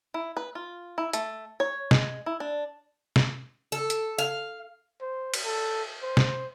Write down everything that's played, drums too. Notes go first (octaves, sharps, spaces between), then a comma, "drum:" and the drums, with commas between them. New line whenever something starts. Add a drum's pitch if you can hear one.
E4
B4
F4
E4
A3, drum: hi-hat
C#5
G#3, drum: snare
E4
D4
drum: snare
A4
drum: hi-hat
F5
C5
drum: cymbal
A4
C5
drum: snare